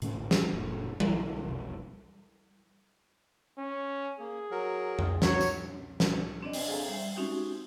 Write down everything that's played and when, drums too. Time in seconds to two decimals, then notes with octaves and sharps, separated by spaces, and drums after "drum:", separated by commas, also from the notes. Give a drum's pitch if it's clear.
0.02 A2 D3 A3 C#4, drum: hi-hat
0.16 A1 E2
0.31 A2, drum: snare
0.53 F#1 A#2
1.00 B1 D3 G3, drum: tom F#3
1.43 E1 B1 F2 C3
3.59 C#4
4.19 A#3 G#4
4.51 F#3 A#4
4.99 drum: tom F2
5.22 F#3 C#5, drum: snare
5.41 drum: tambourine
6.00 drum: snare
6.43 C4 D4 D5 D#5
6.53 drum: open hi-hat
6.68 G#4 A4 F5 G#5 A#5 C6
6.88 G3 E5
7.16 G#3 C4 C#4 D#4 F#4 G4